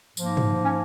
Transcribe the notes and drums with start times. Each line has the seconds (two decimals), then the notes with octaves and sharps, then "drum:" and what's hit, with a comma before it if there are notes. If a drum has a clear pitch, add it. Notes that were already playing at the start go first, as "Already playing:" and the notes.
0.17 G#2 F3 A#3, drum: tambourine
0.37 drum: tom
0.62 C#4